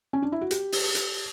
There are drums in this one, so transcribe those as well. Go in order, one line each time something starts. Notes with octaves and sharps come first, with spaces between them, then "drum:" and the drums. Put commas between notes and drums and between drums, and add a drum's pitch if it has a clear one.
C#4
D4
E4
F#4
G4, drum: hi-hat
drum: open hi-hat
drum: hi-hat